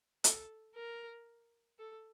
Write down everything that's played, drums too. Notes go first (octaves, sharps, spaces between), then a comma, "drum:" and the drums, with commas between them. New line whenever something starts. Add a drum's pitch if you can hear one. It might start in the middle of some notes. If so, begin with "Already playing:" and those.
A4, drum: hi-hat
A#4
A4